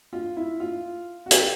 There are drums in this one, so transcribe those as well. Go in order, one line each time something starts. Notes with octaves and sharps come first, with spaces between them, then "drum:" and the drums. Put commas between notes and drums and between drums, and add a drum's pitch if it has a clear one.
F4
E4
F4
F#4
G4, drum: hi-hat